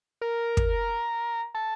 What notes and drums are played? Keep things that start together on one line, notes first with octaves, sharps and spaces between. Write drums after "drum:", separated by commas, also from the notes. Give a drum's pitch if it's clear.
A#4
drum: kick
A4